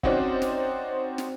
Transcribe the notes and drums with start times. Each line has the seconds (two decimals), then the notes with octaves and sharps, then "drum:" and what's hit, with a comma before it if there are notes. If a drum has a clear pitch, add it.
0.03 C4 C#4 D#4 F#4 C5 D5, drum: kick
0.42 drum: snare
1.18 drum: snare